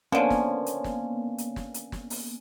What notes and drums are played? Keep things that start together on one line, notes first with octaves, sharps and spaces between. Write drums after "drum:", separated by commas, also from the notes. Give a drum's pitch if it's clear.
D3 F3 A#3 B3 C#4
drum: snare
drum: hi-hat
drum: snare
drum: hi-hat
drum: snare
drum: hi-hat
drum: snare
drum: open hi-hat